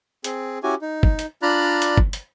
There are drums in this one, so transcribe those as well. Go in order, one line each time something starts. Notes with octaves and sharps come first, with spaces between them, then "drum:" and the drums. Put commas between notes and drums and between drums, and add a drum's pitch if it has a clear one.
C4 G#4, drum: hi-hat
C#4 E4 F#4 G4 G#5
D#4
drum: kick
drum: hi-hat
D4 F4 D5 A#5 B5 F#6
drum: hi-hat
drum: kick
drum: hi-hat